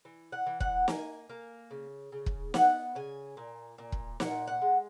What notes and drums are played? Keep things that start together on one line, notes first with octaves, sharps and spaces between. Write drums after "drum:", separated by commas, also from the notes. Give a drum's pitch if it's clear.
E3
F#5
E3
F#5, drum: kick
A#3 G#5, drum: snare
A#3
C#3
C#3
drum: kick
B3 F#5, drum: snare
C#3 G#5
A#2
A#2
drum: kick
A#2 F#5, drum: snare
F#5
G#3